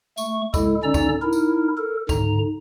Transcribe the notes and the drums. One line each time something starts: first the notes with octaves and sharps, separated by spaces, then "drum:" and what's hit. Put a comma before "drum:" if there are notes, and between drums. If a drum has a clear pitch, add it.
A3 C#6, drum: tambourine
G#3 E4 A4, drum: kick C#2, tambourine
D3 C#4 D#4 D5 A#5 E6
drum: kick C#2, tambourine
D#4 E4 A#4
drum: tambourine
A4 A#4
G#2 D3 A#5, drum: kick C#2, tambourine